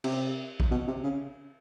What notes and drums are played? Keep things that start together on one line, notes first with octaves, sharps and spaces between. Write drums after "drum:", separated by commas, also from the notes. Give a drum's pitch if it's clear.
C3, drum: cymbal
drum: kick
B2
C3
C#3